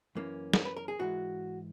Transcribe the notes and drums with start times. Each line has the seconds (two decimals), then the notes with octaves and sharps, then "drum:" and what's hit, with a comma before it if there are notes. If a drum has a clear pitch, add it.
0.15 F#2 E3 A#3 C#4
0.54 drum: snare
0.65 B4
0.77 A#4
0.88 G#4
0.99 G#2 E3 G#3 F#4